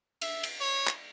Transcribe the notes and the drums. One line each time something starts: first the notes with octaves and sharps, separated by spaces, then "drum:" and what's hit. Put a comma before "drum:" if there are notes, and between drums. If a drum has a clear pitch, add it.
E5, drum: cymbal
drum: cymbal
C#5
drum: clap